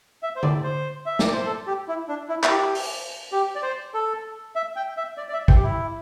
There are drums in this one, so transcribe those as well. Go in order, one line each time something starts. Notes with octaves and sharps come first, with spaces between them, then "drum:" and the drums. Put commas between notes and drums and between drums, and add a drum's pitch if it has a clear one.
E5
C5
D5, drum: tom D3
C5
E5
D5, drum: snare
C5
A4
G4
E4
D4
E4
E4, drum: clap
G4
drum: open hi-hat
G4
D5
C5
A4
E5
G5
E5
D5
D5
E5
G5, drum: kick
G4
E4